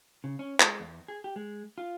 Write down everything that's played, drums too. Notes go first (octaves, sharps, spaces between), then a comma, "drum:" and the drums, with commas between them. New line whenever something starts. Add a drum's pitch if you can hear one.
C#3
C#4
G#3, drum: clap
E2
G#4
G4
G#3
F4